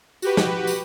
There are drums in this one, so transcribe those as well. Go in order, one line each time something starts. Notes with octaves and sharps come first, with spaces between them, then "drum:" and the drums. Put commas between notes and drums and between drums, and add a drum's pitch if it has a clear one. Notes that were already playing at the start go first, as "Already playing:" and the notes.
F#4 G4 B4, drum: tambourine
drum: snare
drum: tambourine